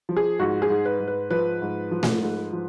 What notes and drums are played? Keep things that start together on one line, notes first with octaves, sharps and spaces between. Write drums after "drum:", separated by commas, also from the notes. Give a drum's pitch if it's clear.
F3
G#4
G#2 F#4
G#4
G#2
B4
G#2
B4
F3 B4
G#2
F3
drum: snare A3
G#2
F3